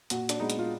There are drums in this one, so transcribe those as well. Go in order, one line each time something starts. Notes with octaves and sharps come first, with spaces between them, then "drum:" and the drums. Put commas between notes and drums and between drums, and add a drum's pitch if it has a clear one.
A#2 F#4, drum: hi-hat
D4, drum: hi-hat
G#3 B3 D#4
drum: hi-hat
F4